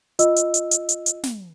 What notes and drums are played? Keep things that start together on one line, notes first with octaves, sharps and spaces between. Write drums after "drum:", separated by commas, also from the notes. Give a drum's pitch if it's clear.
F4 D#5 E6, drum: hi-hat
drum: hi-hat
drum: hi-hat
drum: hi-hat
drum: hi-hat
drum: hi-hat
drum: snare